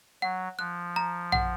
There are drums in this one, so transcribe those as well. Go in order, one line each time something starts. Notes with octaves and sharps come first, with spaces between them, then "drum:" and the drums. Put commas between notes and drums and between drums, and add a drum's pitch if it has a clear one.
F#3 F#5
F3 F#6
A#5
F#5, drum: tom A#1